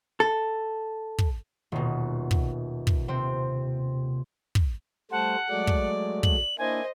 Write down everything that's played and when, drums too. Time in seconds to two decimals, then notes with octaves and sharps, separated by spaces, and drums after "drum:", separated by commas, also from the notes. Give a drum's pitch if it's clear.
0.20 A4
1.19 drum: kick
1.72 D#1 B2
2.31 drum: kick
2.87 drum: kick
3.08 C3 C4
4.55 drum: kick
5.11 G3 A3 C5 F#5 A5
5.50 F#3 G#3 A3 D5
5.67 drum: kick
6.23 F#7, drum: kick
6.59 A#3 D4 E4 C5 D#5 G#5